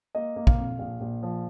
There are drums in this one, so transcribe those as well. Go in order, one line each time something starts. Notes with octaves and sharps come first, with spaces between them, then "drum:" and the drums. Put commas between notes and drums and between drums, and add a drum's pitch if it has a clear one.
A#3 D#5
A#3
F5, drum: kick
F2
A#1 F5
A#1
F3